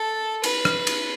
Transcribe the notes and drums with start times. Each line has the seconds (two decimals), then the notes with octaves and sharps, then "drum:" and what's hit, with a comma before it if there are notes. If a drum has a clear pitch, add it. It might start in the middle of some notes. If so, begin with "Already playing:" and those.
Already playing: A4
0.44 B4, drum: cymbal
0.65 drum: rim click
0.87 drum: cymbal